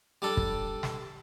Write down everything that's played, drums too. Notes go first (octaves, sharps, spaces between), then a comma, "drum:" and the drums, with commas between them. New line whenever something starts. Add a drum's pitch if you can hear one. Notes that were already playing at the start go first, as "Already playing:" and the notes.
G3 D4 A4
drum: kick
drum: snare